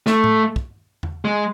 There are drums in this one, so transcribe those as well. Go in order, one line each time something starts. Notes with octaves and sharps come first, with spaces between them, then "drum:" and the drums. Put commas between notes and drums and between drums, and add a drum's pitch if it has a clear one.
A3, drum: snare
drum: tom A2
drum: kick
drum: tom E2
G#3